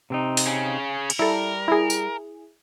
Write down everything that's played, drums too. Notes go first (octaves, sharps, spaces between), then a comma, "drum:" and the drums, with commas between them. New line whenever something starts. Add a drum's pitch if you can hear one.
C3 C4 D#4
drum: open hi-hat
C#3 C#4
drum: cymbal
G3 E4 A4 A#4
E4 G#4
drum: tambourine